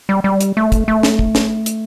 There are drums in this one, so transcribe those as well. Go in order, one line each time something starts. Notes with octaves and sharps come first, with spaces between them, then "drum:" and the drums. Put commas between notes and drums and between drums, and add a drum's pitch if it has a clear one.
G3
G3
drum: hi-hat
A3
drum: kick, hi-hat
A3
drum: snare
drum: kick
drum: snare
drum: hi-hat